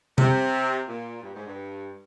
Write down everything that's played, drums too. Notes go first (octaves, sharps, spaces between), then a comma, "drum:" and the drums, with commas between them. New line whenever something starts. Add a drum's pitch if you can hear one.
C3, drum: tom C3
A#2
G2
G#2
G2